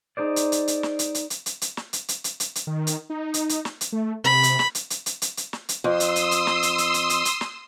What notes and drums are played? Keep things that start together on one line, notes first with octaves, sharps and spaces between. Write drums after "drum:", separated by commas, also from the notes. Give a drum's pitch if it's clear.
D#4 G#4 C5 D5
drum: hi-hat
drum: hi-hat
drum: hi-hat
drum: snare
drum: hi-hat
drum: hi-hat
drum: hi-hat
drum: hi-hat
drum: hi-hat
drum: snare
drum: hi-hat
drum: hi-hat
drum: hi-hat
drum: hi-hat
drum: hi-hat
D#3
drum: hi-hat
D#4
drum: hi-hat
drum: hi-hat
drum: snare
drum: hi-hat
A3
C3 B5
drum: hi-hat
drum: snare
drum: hi-hat
drum: hi-hat
drum: hi-hat
drum: hi-hat
drum: hi-hat
drum: snare
drum: hi-hat
F2 C6 D#6 E6
drum: hi-hat
drum: hi-hat
drum: hi-hat
drum: snare
drum: hi-hat
drum: hi-hat
drum: hi-hat
drum: hi-hat
drum: hi-hat
drum: snare